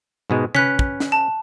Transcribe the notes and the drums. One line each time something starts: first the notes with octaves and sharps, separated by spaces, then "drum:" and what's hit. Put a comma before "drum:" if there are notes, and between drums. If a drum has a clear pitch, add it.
G#2 B2 G#3
C#4 B4 F#6 B6, drum: tom C3
drum: kick
drum: snare
A5